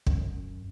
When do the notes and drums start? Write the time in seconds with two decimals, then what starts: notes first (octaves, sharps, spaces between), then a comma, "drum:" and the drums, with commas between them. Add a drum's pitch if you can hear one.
0.06 F#2, drum: kick